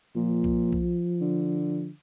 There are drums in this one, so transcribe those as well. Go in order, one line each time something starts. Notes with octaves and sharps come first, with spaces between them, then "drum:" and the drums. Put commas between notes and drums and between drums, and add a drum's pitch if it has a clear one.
A#2 F3
drum: kick B1
drum: kick B1
D3